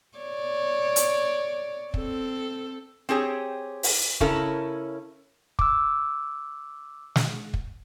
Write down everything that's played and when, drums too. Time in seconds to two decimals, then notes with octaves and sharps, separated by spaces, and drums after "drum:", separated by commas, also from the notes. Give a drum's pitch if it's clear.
0.18 C#5 D5
0.96 drum: hi-hat
1.94 C4 A4, drum: kick
3.09 C4 G4 G#4 C#5
3.83 drum: open hi-hat
4.20 C#3 C#4 E4 A4 A#4, drum: kick
5.59 D6 E6, drum: kick
7.16 drum: snare
7.54 drum: kick